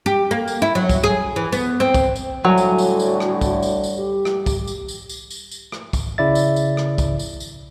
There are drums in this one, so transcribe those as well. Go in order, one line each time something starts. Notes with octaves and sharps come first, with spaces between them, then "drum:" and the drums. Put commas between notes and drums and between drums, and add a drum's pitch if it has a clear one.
G4
A#3
drum: tambourine
E4
F#3
drum: kick, tambourine
G#4
E3
B3, drum: tambourine
C4
drum: kick, tambourine
drum: tambourine
A2 D3 F#3 G3 F#4 G#5
drum: tambourine
drum: tambourine
drum: tambourine
drum: rim click
drum: kick, tambourine
drum: tambourine
drum: tambourine
G4
drum: rim click
drum: kick, tambourine
drum: tambourine
drum: tambourine
drum: tambourine
drum: tambourine
drum: tambourine
drum: rim click
drum: kick, tambourine
C#3 E4 D5 E5 A6
drum: tambourine
drum: tambourine
drum: rim click
drum: kick, tambourine
drum: tambourine
drum: tambourine